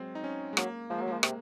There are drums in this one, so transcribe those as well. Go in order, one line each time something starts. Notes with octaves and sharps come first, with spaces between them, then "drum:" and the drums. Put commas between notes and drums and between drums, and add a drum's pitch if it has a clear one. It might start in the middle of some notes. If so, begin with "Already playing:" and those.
Already playing: F#3 G#3 C4
D#4
C#4
G#3
F#3 A#3, drum: rim click
F3 G#3
F#3 A#3
F3 G#3
C3 G#3, drum: rim click